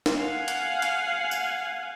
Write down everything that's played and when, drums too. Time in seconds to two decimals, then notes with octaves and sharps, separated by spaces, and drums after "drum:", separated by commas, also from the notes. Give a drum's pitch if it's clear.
0.06 drum: snare
0.16 F5 F#5 G#5
0.48 drum: hi-hat
0.82 drum: hi-hat
1.31 drum: tambourine